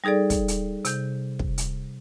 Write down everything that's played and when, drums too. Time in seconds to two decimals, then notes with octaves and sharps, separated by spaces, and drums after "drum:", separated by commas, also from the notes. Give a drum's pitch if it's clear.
0.04 G3 D#4 G#4 A4 D5
0.30 drum: kick, hi-hat
0.48 drum: hi-hat
0.85 C3 G6, drum: hi-hat
1.39 drum: kick
1.58 drum: hi-hat